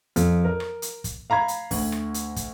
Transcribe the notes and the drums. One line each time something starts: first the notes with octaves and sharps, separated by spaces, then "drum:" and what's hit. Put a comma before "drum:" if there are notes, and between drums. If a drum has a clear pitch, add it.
F2, drum: hi-hat
A#4
drum: rim click
drum: hi-hat
drum: kick, hi-hat
F5 A#5 B5 G#6
drum: hi-hat
D2, drum: kick, open hi-hat
drum: rim click
drum: hi-hat
drum: kick, hi-hat